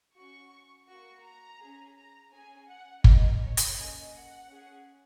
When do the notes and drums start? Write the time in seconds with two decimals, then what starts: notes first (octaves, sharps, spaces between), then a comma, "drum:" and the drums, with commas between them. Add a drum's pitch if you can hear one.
0.15 C#4 F#4 C#6
0.87 A#3 F#4 C#6
1.23 A#5
1.59 C#4 G#4
1.96 A#5
2.32 C#4 G#4 G#5
2.68 F#5
3.04 A#3 D#4 G#4 D#5, drum: kick
3.41 C#5
3.57 drum: hi-hat
3.76 A#3 C#4 G#4 D#5
4.13 F#5
4.49 C#4 G#4